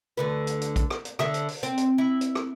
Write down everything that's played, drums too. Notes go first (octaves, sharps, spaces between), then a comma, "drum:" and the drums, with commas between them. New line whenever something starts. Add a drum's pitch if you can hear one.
D2 D3 B4
drum: hi-hat
drum: hi-hat
drum: kick, hi-hat
drum: rim click
drum: hi-hat
D3 E5, drum: rim click
drum: hi-hat
drum: open hi-hat
C4, drum: hi-hat
drum: hi-hat
E4
drum: hi-hat
drum: rim click